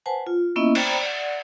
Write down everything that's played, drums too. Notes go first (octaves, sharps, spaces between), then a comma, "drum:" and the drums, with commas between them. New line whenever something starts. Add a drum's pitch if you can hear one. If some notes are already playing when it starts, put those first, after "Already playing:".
B4 C5 F#5 G#5 A5
F4
A#3 B3 C#4 E4 D#5 E5
C5 D5 G5 A#5 B5, drum: cymbal
D5 F#5